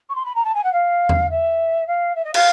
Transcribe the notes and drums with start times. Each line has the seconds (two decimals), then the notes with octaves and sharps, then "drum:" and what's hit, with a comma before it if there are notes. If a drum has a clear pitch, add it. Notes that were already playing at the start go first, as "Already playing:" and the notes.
0.09 C#6
0.15 C6
0.26 B5
0.35 A#5
0.45 A5
0.55 G#5
0.64 F#5
0.73 F5
1.09 drum: tom E2
1.30 E5
1.87 F5
2.15 E5
2.25 D#5
2.34 F5, drum: cymbal